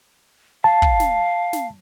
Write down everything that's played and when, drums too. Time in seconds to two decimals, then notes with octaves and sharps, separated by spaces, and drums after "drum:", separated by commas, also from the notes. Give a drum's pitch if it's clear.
0.64 F5 A5
0.82 drum: kick
1.00 drum: snare
1.53 drum: snare